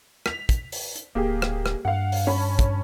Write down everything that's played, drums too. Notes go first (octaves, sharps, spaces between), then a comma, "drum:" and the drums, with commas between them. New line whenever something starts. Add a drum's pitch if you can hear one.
B6 F7, drum: rim click
drum: kick, hi-hat
drum: open hi-hat
drum: hi-hat
D1 A#3 G4 G#4
drum: rim click
drum: rim click
G2 F5 F#5
drum: open hi-hat
C#4 A5 B5
drum: kick, hi-hat